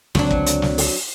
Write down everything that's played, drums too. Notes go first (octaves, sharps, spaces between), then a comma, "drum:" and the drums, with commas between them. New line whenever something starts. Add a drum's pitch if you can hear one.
C#2 D3 F#3 C4 D4, drum: snare
drum: kick
drum: hi-hat
drum: snare
drum: open hi-hat